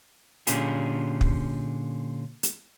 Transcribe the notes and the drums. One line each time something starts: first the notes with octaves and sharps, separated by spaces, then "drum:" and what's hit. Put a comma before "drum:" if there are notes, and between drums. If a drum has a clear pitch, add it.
A#2 D3 C#4 F4 G4 G#4, drum: hi-hat
drum: kick
drum: hi-hat